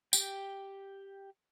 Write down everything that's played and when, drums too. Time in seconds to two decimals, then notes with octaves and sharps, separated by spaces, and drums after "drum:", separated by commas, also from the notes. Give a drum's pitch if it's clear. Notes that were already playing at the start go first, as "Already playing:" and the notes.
0.13 G4 G5, drum: tambourine